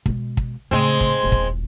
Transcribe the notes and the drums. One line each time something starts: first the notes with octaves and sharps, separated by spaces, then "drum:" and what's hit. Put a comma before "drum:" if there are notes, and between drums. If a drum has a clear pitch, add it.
B2 G#3, drum: kick
drum: kick
A2 C#3 G#3 C4
drum: kick
E1 A#1
drum: kick